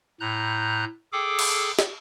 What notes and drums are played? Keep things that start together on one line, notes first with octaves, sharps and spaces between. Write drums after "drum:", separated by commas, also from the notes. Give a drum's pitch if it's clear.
A2 A#5 F#6 G6
G#4 A4 G5 D6
drum: cymbal
drum: snare